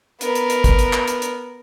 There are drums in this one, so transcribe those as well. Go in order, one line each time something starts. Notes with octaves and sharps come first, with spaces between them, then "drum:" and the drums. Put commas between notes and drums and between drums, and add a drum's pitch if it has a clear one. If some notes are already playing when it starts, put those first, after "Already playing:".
B3 A#4, drum: hi-hat
drum: hi-hat
drum: hi-hat
drum: kick, hi-hat
drum: hi-hat
drum: clap
drum: hi-hat
drum: hi-hat